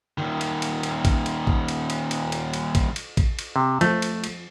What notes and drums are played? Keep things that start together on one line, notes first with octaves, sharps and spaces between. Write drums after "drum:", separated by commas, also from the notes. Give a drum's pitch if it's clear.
A#2 D#3
drum: cymbal
drum: cymbal
drum: cymbal
drum: kick, cymbal
drum: cymbal
drum: kick
drum: cymbal
drum: cymbal
drum: cymbal
drum: cymbal
drum: cymbal
drum: kick, cymbal
drum: cymbal
drum: kick, cymbal
drum: cymbal
C3
F3 A3, drum: cymbal
drum: cymbal
drum: cymbal